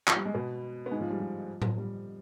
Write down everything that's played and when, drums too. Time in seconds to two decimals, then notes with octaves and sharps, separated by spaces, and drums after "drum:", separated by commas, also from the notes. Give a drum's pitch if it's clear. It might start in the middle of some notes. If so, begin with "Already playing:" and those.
0.07 F3, drum: clap
0.16 G3
0.25 G#3
0.34 B2 B3
0.86 B3
0.91 G#2 G#3
1.01 F3
1.10 G3
1.20 F3
1.62 drum: tom A2
1.78 G3